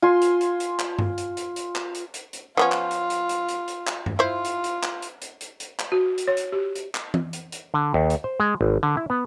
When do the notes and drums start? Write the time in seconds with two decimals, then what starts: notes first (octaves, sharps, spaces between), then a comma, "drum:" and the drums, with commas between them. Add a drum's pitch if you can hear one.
0.02 F4 G#5 C6
0.22 drum: hi-hat
0.41 drum: hi-hat
0.60 drum: hi-hat
0.79 drum: clap
0.99 drum: tom G2
1.18 drum: hi-hat
1.37 drum: hi-hat
1.56 drum: hi-hat
1.75 drum: clap
1.95 drum: hi-hat
2.14 drum: hi-hat
2.33 drum: hi-hat
2.57 F3 B3 C#4 F4
2.72 drum: clap
2.91 drum: hi-hat
3.10 drum: hi-hat
3.29 drum: hi-hat
3.49 drum: hi-hat
3.68 drum: hi-hat
3.87 drum: clap
4.06 drum: tom G2
4.19 E4 F4 C5
4.45 drum: hi-hat
4.64 drum: hi-hat
4.83 drum: clap
5.02 drum: hi-hat
5.22 drum: hi-hat
5.41 drum: hi-hat
5.60 drum: hi-hat
5.79 drum: clap
5.92 F#4
6.18 drum: hi-hat
6.28 C#5
6.37 drum: hi-hat
6.52 G4
6.75 drum: hi-hat
6.95 drum: clap
7.14 drum: tom E3
7.33 drum: hi-hat
7.52 drum: hi-hat
7.74 D3
7.94 D#2
8.10 drum: hi-hat
8.24 C5
8.40 G#3
8.61 G#1
8.83 D3
8.97 E4
9.10 B3